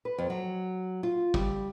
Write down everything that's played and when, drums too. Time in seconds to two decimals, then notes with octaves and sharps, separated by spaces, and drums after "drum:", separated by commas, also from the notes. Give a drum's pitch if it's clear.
0.05 B4
0.18 F2
0.30 F#3
1.03 F4
1.34 G3, drum: kick